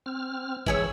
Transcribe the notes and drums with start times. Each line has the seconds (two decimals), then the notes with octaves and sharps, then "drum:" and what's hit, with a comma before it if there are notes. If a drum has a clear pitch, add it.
0.06 C4 F6
0.66 E3 E4 G#4 C#5 E6, drum: kick G1